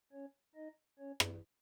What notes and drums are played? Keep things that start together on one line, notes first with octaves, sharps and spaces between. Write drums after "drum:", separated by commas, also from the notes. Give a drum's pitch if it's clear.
C#4 C#5
D#4 D#5
C#4 C#5
drum: rim click